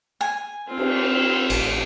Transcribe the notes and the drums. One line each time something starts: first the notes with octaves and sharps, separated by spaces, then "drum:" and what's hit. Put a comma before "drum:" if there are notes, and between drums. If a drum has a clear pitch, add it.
G#5
C4 F4
drum: cymbal
A1, drum: cymbal